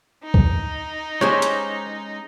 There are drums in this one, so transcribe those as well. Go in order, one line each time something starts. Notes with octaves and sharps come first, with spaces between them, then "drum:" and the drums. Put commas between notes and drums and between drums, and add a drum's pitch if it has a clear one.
D#4
drum: kick C#2
G#3 C#4 G4 G#4 C5 C#5
drum: hi-hat